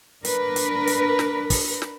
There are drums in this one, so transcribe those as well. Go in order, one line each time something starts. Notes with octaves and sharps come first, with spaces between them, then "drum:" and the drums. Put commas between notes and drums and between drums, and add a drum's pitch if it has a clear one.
D4 A#4 B4, drum: hi-hat
drum: hi-hat
drum: hi-hat
drum: snare
drum: kick, open hi-hat
drum: snare